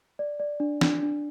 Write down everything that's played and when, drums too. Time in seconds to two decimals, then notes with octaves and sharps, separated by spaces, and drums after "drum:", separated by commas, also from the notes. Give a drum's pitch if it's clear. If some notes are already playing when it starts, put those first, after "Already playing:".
0.19 D5
0.40 D5
0.60 D4
0.81 D4, drum: snare
1.02 D4